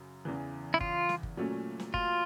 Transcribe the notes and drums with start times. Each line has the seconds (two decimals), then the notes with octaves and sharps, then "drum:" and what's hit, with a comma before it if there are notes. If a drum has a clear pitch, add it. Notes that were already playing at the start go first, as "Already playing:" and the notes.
Already playing: F#2 C#3
0.25 E2 C#3 E3
0.74 E4
0.81 F4, drum: kick G1
1.09 drum: snare
1.23 drum: kick G1
1.37 A#2 F#3 A3 C#4
1.80 drum: snare
1.94 F4, drum: kick G1